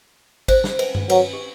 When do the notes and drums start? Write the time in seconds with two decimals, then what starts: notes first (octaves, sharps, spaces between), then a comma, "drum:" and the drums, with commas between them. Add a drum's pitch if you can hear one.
0.48 C5, drum: kick, cymbal
0.64 drum: snare
0.79 B4, drum: cymbal
0.95 drum: tom G2
1.10 F#3 B4, drum: cymbal
1.33 G4